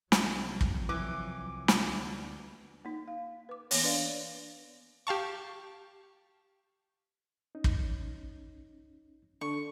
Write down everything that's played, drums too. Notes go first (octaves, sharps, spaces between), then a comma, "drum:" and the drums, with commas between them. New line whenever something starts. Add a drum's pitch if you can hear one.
C2 C3 F3 F#3, drum: snare
drum: kick
E3 D6
drum: snare
D2
A#3 D#4
F5
B4 D6
E3 A#3 B3 C#5, drum: open hi-hat
D4 B4 D5 F5
G4 F5 A5 C#6
C#4 D#4
drum: kick
D3 C#6